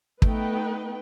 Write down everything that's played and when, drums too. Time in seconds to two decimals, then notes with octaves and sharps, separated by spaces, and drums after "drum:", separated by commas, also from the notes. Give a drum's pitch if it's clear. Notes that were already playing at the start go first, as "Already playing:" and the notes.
0.22 A3 B3 D#4 B4 G5, drum: kick